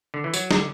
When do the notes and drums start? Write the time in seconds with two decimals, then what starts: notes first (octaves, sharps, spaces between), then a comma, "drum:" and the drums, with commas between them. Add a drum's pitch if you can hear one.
0.14 D3
0.24 E3
0.34 F#3, drum: tambourine
0.51 D3, drum: snare